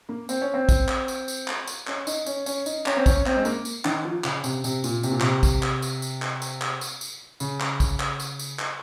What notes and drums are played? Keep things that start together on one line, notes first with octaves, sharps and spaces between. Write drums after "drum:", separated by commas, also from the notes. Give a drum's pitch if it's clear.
A#3
C4, drum: tambourine
C#4
C4
drum: kick, tambourine
drum: clap
drum: tambourine
drum: tambourine
drum: clap
drum: tambourine
C#4, drum: clap
D#4, drum: tambourine
C#4, drum: tambourine
C#4, drum: tambourine
D#4, drum: tambourine
C#4, drum: clap
C4
C#4, drum: kick, tambourine
C4, drum: clap
G#3
A#3, drum: tambourine
drum: tambourine
D#3, drum: clap
F3
C#3, drum: clap
C3, drum: tambourine
C3, drum: tambourine
A#2, drum: tambourine
C3, drum: tambourine
A#2
C3, drum: clap
drum: kick, tambourine
drum: clap
drum: tambourine
drum: tambourine
drum: clap
drum: tambourine
drum: clap
drum: tambourine
drum: tambourine
C#3, drum: tambourine
drum: clap
drum: kick, tambourine
drum: clap
drum: tambourine
drum: tambourine
drum: clap